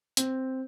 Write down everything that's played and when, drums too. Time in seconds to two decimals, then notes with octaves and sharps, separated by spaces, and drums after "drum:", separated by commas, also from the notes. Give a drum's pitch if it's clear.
0.17 C4, drum: hi-hat